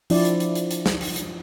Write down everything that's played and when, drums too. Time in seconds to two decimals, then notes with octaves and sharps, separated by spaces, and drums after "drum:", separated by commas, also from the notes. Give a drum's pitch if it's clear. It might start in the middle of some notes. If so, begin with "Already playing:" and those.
0.10 F3 D4 E4 D5, drum: open hi-hat
0.25 drum: hi-hat
0.40 drum: hi-hat
0.55 drum: hi-hat
0.71 drum: hi-hat
0.86 drum: snare
1.01 drum: open hi-hat
1.16 drum: hi-hat